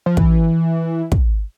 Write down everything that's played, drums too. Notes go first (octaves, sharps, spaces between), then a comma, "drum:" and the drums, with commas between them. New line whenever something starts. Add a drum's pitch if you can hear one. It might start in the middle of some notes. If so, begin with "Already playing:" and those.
F3
E3, drum: kick
drum: kick